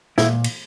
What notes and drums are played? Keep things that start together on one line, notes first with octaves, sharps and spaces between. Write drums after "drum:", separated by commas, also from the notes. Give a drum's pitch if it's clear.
A#2 E4, drum: snare
drum: cymbal